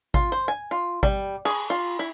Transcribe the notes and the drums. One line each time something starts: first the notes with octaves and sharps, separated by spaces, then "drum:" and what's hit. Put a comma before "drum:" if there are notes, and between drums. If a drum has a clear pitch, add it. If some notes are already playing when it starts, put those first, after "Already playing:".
F4, drum: kick G#1
C5
G#5
F4
G3, drum: kick G#1
G#4, drum: cymbal
F4
E4